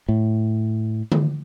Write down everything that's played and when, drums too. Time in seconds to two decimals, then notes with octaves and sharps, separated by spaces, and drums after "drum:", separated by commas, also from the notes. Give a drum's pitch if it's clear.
0.09 A2
1.12 drum: tom D3